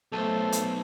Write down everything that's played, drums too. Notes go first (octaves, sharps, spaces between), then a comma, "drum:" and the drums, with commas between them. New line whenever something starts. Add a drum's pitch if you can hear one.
B1 A3 A4 C5
drum: hi-hat